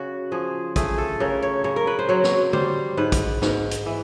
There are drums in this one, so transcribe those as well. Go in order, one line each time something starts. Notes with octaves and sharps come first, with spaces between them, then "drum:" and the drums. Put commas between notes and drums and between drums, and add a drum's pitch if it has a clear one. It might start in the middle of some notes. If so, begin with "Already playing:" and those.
Already playing: C#3 F#4
F3 G#4
A3 G#4, drum: kick, hi-hat
A4
C#3 A#4
C#5
C#3 C#5
A#4
B4
C5
F#3 C#5
drum: snare
G3 C5, drum: tom
G#2 B4
drum: kick, hi-hat
G#2, drum: snare
drum: hi-hat
E3